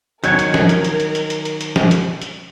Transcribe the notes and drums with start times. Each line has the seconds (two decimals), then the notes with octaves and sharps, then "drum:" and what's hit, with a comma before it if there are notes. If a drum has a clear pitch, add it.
0.24 D#3 F#3 A#4 A#5 G6 G#6 C#7, drum: hi-hat
0.39 drum: hi-hat
0.54 drum: snare
0.69 drum: hi-hat
0.84 drum: hi-hat
1.00 drum: hi-hat
1.15 drum: hi-hat
1.30 drum: hi-hat
1.45 drum: hi-hat
1.61 drum: hi-hat
1.76 drum: snare
1.91 drum: hi-hat
2.22 drum: hi-hat